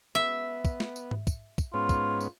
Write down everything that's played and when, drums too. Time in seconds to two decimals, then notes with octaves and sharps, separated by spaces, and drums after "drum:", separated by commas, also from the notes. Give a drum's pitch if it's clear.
0.15 B3 E5
0.65 drum: kick, tambourine
0.80 drum: snare
0.96 drum: tambourine
1.11 drum: tom G#2
1.27 drum: kick, tambourine
1.58 drum: kick, tambourine
1.74 G#2 B3 C#4 F4
1.89 drum: kick, tambourine
2.20 drum: tambourine